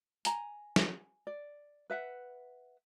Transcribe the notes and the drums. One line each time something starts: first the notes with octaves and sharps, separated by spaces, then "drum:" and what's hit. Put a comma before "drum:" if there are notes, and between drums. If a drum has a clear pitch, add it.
G#5 A#5, drum: hi-hat
drum: snare
D5
B4 E5 F#5